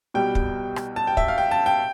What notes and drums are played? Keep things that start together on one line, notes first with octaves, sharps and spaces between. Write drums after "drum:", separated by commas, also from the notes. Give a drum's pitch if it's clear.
C2 B2 G3 G5
drum: kick
drum: rim click
A5
G5
E5, drum: kick
F5
G5
A5
G5